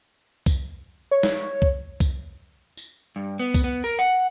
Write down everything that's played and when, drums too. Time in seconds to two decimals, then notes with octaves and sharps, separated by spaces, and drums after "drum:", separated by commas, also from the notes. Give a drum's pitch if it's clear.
0.46 drum: kick C2, tambourine
1.11 C#5
1.23 drum: snare
1.62 drum: kick C2
2.00 drum: kick C2, tambourine
2.77 drum: tambourine
3.16 G2
3.39 B3
3.54 drum: kick C2, tambourine
3.64 B3
3.84 A#4
3.99 F#5